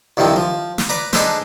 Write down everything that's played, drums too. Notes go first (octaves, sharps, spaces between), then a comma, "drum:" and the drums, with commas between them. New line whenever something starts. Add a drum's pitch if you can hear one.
C2 G2 D#3 F3 C4
F3
drum: snare
B4 D5 A#5
D4 D#4 G#4 A4 B4 C5, drum: snare